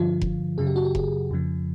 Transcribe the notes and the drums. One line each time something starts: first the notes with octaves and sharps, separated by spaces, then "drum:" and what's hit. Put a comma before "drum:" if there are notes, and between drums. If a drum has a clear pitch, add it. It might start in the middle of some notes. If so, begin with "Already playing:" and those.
Already playing: G2 D3 F3 F4
drum: kick F1
F#2 C#3 F#3 G#4
G4
F#4
G4
G#4, drum: kick F1
F2 C#3 F3